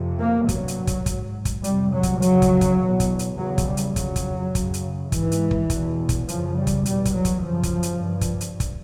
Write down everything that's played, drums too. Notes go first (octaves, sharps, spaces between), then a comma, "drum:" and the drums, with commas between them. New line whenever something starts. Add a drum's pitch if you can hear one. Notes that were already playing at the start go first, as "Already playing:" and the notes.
Already playing: F2 C3
A#3
G2 F#3, drum: kick, hi-hat
drum: hi-hat
drum: kick, hi-hat
G#2, drum: kick, hi-hat
drum: kick, hi-hat
F2 C3 G3, drum: hi-hat
F#3
drum: kick, hi-hat
F2 C#3 F#3, drum: hi-hat
drum: kick, hi-hat
drum: kick, hi-hat
E2 B2
drum: kick, hi-hat
drum: hi-hat
E2 C#3 F#3
drum: kick, hi-hat
G3
drum: hi-hat
F2 C#3 F#3, drum: kick, hi-hat
drum: kick, hi-hat
F#2 C#3, drum: kick, hi-hat
drum: hi-hat
G#2 E3, drum: kick, hi-hat
drum: hi-hat
drum: kick
E2 B2, drum: kick, hi-hat
drum: kick, hi-hat
F#2 C#3 F3, drum: hi-hat
G3
drum: kick, hi-hat
E2 B2 G3, drum: hi-hat
drum: kick, hi-hat
F#3
drum: kick, hi-hat
F#2 C#3 F3
drum: kick, hi-hat
drum: hi-hat
G2
drum: kick, hi-hat
drum: hi-hat
drum: kick, hi-hat